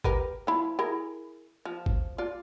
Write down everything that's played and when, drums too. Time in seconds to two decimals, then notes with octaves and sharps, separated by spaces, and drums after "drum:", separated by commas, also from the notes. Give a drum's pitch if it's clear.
0.04 G4 A#4 B4, drum: kick G1
0.47 F3 E4
0.79 E4 G#4 A#4
1.65 F3
1.86 drum: kick G1
2.18 F4 D5